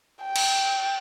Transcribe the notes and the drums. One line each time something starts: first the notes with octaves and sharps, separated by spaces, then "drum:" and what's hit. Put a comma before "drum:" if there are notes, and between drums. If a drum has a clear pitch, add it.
G5
drum: cymbal